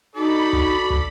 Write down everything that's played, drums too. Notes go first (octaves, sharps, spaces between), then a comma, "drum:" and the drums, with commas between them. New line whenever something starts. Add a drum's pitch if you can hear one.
D#4 F#4 A4 D5 B5
drum: kick
drum: kick